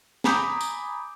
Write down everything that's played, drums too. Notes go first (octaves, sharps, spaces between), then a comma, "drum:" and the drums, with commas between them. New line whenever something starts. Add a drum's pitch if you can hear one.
G#5 A#5 B5 D6 D#6 G6, drum: snare
drum: tambourine